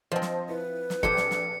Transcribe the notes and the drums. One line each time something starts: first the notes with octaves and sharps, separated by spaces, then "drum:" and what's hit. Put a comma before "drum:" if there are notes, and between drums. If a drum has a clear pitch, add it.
F3 C4 C5 D#5 A5
drum: snare
E4 B4
drum: snare
A#1 G4 A4 C5 G5 G#6 C#7, drum: kick
drum: snare
drum: snare